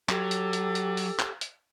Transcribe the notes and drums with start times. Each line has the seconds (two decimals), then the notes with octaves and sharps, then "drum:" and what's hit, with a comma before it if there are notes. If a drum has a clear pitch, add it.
0.09 F#3 G4 A4 D6, drum: clap
0.31 drum: hi-hat
0.53 drum: hi-hat
0.75 drum: hi-hat
0.97 drum: open hi-hat
1.19 drum: clap
1.41 drum: hi-hat